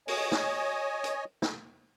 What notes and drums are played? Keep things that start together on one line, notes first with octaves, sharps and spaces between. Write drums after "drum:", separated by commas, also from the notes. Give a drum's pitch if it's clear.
C#5 D#5 G#5, drum: open hi-hat
drum: snare
drum: hi-hat
drum: snare